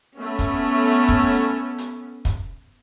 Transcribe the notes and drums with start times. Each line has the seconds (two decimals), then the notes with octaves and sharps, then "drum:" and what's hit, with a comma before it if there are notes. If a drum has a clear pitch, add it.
0.16 A3 B3 C#4
0.39 drum: kick, hi-hat
0.85 drum: hi-hat
1.09 drum: kick
1.32 drum: hi-hat
1.78 drum: hi-hat
2.25 drum: kick, hi-hat